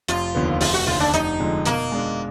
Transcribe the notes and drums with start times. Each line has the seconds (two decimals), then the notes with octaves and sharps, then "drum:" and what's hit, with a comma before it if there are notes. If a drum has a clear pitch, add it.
0.08 F1 F4, drum: hi-hat
0.35 D#2 D3 F3 B3
0.61 F1 F4, drum: open hi-hat
0.74 F#4
0.87 D#2 D3 F4
1.00 D4
1.14 F1 D#4, drum: hi-hat
1.39 F2 D3 F3 G#3
1.65 B2 A#3, drum: hi-hat
1.92 G#3 D4